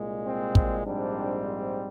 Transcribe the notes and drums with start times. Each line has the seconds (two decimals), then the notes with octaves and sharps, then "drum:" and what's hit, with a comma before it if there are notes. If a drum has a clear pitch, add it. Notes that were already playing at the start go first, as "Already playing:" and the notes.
Already playing: C2 A#2 G#3
0.25 C4
0.55 drum: kick
0.85 A#1 G#2 G3 C4 D4